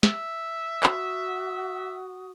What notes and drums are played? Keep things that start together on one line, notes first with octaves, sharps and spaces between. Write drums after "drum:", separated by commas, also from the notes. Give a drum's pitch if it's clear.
E5, drum: snare
F#4 F#5 D#6, drum: clap